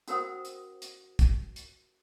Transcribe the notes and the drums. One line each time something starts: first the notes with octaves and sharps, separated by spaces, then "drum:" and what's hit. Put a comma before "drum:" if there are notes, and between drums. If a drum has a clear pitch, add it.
C#4 F#4 A#4 C5 F#5 D#6, drum: hi-hat
drum: hi-hat
drum: hi-hat
drum: kick, hi-hat
drum: hi-hat